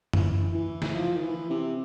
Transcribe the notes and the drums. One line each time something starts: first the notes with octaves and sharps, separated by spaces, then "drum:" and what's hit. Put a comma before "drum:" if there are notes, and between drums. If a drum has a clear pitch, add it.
E3, drum: tom F#2
E3
drum: snare
F3
D#3
E3
C3